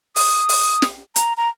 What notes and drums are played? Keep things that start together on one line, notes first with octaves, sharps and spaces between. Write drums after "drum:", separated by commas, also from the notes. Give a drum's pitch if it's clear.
D#6, drum: open hi-hat
drum: open hi-hat
drum: snare
A#5, drum: hi-hat
A#5